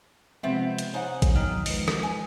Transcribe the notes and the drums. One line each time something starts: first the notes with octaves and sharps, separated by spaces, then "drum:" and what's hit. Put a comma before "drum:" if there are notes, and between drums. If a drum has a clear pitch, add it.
C3 F3 G#3 B3 C4 E5
drum: hi-hat
D#4 C5 C#5 F#5 G#5
drum: kick A1, hi-hat
E2 D#3 F#3 F6
F3 G#3 B4, drum: open hi-hat
drum: rim click
G#5